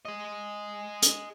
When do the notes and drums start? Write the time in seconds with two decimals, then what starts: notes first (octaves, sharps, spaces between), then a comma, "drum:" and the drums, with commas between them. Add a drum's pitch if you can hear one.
0.05 G#4 D#5
1.02 drum: hi-hat